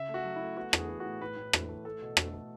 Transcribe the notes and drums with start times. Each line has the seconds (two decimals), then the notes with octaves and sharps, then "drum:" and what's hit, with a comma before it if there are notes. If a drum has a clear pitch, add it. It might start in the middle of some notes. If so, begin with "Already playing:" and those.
Already playing: C#3 E5
0.09 A3
0.14 F#4
0.25 F#3
0.36 E4
0.41 A3
0.57 B3 F#4
0.73 E3 F#4, drum: rim click
0.78 G#4
0.89 B3
1.00 A2 F#4
1.21 A2 B4
1.37 A2
1.53 E3, drum: rim click
1.63 B4
1.69 A3
1.85 A3 A4
2.02 B2
2.17 A3, drum: rim click
2.34 A3